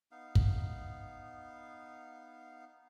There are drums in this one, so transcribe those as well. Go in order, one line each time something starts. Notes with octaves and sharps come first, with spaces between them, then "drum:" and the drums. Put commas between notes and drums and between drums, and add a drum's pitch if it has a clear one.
B3 D#4 F5
drum: kick